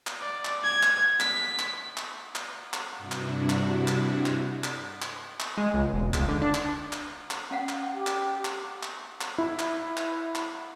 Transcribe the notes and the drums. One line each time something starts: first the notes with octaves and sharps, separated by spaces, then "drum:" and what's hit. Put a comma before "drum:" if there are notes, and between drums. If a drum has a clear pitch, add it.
drum: clap
D5
drum: clap
G#6
drum: clap
B6, drum: clap
drum: clap
drum: clap
drum: clap
drum: clap
G2 C3 D4 E4 F#4
drum: clap
drum: clap
drum: clap
drum: clap
drum: clap
drum: clap
drum: clap
G#3
C#2
E1
C#2, drum: clap
D3
D4
drum: clap
drum: clap
drum: clap
C#4 F5 F#5
drum: clap
G4
drum: clap
drum: clap
drum: clap
drum: clap
E4
drum: clap
drum: clap
drum: clap